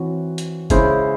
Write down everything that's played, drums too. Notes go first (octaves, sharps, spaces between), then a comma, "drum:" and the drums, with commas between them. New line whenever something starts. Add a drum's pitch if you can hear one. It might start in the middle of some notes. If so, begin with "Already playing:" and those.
Already playing: E3 C4 F#4 C#5
drum: hi-hat
C#3 G#3 C#4 E4 C5, drum: kick F#1, hi-hat